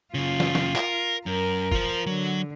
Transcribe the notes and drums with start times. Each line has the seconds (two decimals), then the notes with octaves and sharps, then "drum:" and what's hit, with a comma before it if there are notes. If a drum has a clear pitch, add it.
0.14 F#2 C#3 F4
0.40 drum: snare
0.55 drum: snare
0.76 A#4, drum: clap
1.26 F#2 A#4
1.72 F4 C5, drum: kick
2.06 D3 F#3